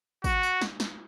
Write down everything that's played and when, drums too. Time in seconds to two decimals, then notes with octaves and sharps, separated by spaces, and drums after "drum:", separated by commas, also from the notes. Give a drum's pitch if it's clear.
0.24 F#4, drum: kick, tambourine
0.43 drum: tambourine
0.61 drum: snare
0.80 drum: snare